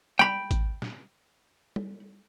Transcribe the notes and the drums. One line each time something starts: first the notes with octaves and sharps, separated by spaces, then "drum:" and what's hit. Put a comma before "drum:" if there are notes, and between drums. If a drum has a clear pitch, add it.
G5 B5, drum: tom G3
drum: kick G#1, hi-hat
drum: snare
drum: tom G3